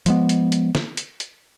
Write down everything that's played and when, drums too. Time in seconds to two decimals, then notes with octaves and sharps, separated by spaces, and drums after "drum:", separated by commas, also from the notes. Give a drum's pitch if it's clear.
0.06 F3 G#3 B3, drum: hi-hat
0.29 drum: hi-hat
0.52 drum: hi-hat
0.75 drum: snare
0.97 drum: hi-hat
1.20 drum: hi-hat